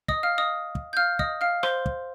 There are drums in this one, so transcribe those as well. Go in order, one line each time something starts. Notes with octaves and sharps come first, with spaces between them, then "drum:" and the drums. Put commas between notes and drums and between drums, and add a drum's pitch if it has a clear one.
D#5 D#6, drum: kick
F5 F6
D#5 D#6
drum: kick
G6
F5 F6
D#5 D#6, drum: kick
F5 F6
C5 C6, drum: rim click
drum: kick